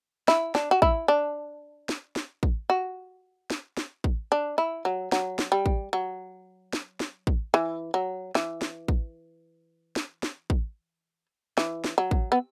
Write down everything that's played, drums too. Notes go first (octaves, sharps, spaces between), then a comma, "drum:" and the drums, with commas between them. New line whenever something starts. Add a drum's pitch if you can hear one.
E4, drum: snare
D4, drum: snare
F#4
E4, drum: kick
D4
drum: snare
drum: snare
drum: kick
F#4
drum: snare
drum: snare
drum: kick
D4
E4
F#3
F#3, drum: snare
drum: snare
G3
drum: kick
F#3
drum: snare
drum: snare
drum: kick
E3
F#3
E3, drum: snare
drum: snare
drum: kick
drum: snare
drum: snare
drum: kick
E3, drum: snare
drum: snare
F#3
drum: kick
B3